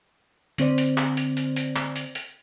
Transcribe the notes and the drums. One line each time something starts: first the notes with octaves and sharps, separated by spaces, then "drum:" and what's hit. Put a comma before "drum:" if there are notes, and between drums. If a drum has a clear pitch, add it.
D3 C4 C5 D5, drum: hi-hat
drum: hi-hat
drum: clap
drum: hi-hat
drum: hi-hat
drum: hi-hat
drum: clap
drum: hi-hat
drum: hi-hat